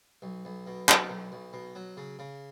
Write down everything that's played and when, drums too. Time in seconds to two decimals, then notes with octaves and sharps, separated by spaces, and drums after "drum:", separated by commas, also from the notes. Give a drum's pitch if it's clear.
0.22 B1
0.45 B1
0.67 B2
0.89 F#3, drum: clap
1.10 B1
1.32 B1
1.53 B2
1.75 F#3
1.97 C#3
2.19 C#3